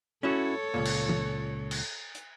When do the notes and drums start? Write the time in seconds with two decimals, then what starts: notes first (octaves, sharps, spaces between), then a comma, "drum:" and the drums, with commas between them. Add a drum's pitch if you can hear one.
0.23 C#4 E4 F#4 A4 C#5
0.74 C#2 G2 A#2
0.85 drum: cymbal
1.09 drum: tom
1.71 drum: cymbal
2.15 drum: hi-hat